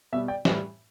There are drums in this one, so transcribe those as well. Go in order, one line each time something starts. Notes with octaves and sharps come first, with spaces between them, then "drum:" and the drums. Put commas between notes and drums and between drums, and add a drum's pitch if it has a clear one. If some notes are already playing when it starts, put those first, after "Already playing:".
B2 G3 E5
D5 G5
A2 E3 G3, drum: snare